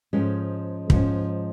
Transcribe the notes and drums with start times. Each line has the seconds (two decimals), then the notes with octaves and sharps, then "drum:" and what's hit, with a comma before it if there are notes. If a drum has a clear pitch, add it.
0.13 G#2 F3 G#3 C#4
0.90 G#2 F3 G#3 C#4, drum: kick